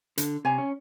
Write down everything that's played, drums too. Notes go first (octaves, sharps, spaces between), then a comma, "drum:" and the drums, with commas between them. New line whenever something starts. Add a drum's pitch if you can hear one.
D3, drum: hi-hat
C3 C#5 G#5 A#5
C#4